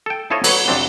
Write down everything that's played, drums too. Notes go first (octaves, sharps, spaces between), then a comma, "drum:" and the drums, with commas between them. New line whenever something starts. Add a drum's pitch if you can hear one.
A4 G5
E4 F4 A4 C5 C#5 D#5
F#3 B4 C#5, drum: cymbal
F2 C3 F#3 C4 D4